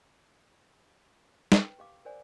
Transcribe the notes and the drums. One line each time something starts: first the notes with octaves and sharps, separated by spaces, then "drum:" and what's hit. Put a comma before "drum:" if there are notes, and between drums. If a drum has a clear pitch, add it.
B4 G5, drum: snare
G4 F5 D6
A#4 C5 D5 F#5 G#5